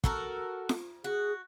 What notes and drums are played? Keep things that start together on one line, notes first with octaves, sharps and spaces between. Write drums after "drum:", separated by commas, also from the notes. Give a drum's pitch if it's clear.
F#4 A4 A#4, drum: kick
drum: snare
F#4 G#4